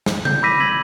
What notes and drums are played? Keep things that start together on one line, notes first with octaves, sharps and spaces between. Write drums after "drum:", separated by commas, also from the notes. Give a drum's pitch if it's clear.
drum: snare
G6, drum: tom C#3
B5 D6 E6 A#6 B6 D#7
G#6 B6 F#7